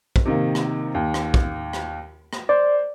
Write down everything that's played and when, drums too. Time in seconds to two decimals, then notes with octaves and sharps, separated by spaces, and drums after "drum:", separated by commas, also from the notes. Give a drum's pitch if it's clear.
0.16 drum: kick
0.25 C3 D#3 A#3
0.55 drum: rim click
0.95 D#2
1.14 drum: rim click
1.34 drum: kick
1.73 drum: rim click
2.33 drum: rim click
2.49 C5 D5